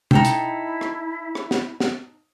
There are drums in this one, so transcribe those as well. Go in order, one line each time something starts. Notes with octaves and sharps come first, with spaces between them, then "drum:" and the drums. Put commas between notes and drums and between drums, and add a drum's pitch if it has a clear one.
D#4 E4 A4 G5, drum: tom B2
drum: hi-hat
drum: rim click
drum: rim click
drum: snare
drum: snare